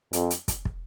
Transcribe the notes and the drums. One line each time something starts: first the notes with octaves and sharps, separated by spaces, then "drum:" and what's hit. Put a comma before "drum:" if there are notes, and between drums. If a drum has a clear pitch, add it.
F2, drum: hi-hat
drum: hi-hat
drum: kick, hi-hat
drum: kick